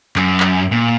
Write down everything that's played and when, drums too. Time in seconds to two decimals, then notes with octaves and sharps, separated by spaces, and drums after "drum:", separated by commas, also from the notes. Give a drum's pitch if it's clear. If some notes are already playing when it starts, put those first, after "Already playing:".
0.16 F#2, drum: clap
0.40 drum: clap
0.72 A#2